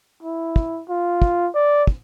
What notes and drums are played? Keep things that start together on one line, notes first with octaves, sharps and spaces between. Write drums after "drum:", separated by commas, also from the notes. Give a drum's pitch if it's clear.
E4
drum: kick
F4
drum: kick
D5
drum: kick